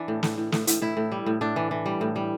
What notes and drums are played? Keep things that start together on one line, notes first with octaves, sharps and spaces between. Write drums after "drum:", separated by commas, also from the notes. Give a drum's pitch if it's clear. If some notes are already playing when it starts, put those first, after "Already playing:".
Already playing: E3 D4
A2
A2, drum: snare
A2
A2, drum: snare
A2, drum: hi-hat
A2 E4
A2
G3
A2
A2 D4
E3
E3
G3
A2
G3